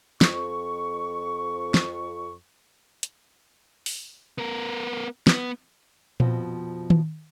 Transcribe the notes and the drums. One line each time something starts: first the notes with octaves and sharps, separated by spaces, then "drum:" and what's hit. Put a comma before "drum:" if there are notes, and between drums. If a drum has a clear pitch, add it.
F2 C#6, drum: snare
drum: snare
drum: hi-hat
drum: open hi-hat
B3 A#4
B3, drum: snare
F2 B2 F3 C4, drum: tom A#2
drum: tom D#3